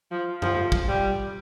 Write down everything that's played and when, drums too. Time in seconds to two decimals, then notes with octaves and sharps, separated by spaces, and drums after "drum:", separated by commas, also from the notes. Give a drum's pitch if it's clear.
0.11 F3
0.42 F3, drum: tom F#2
0.72 drum: kick
0.88 G3